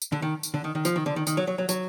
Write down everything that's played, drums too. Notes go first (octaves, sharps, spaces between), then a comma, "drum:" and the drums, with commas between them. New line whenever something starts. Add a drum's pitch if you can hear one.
drum: tambourine
D3
D#3
drum: tambourine
D3
D#3
D#3
F3, drum: tambourine
D#3
D3
D#3
D#3, drum: tambourine
F#3
F#3
F#3
F#3, drum: tambourine